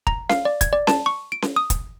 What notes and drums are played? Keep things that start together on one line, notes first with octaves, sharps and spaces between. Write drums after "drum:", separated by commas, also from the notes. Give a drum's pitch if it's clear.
A#5, drum: kick
F5, drum: snare C#4
D5
G#6, drum: kick, hi-hat
D5
A5, drum: snare C#4
C#6
D7
drum: snare C#4
D#6
drum: kick, hi-hat